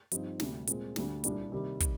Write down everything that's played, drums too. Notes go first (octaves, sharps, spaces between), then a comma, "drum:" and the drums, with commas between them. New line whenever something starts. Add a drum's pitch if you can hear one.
G2 F3 C4 D#4, drum: hi-hat
D2 C3 G3, drum: snare
A#2 G#3 C4, drum: hi-hat
D2 D3 G3, drum: snare
C2 A#2 G3 D4, drum: hi-hat
C3 D#3 G3
drum: kick, hi-hat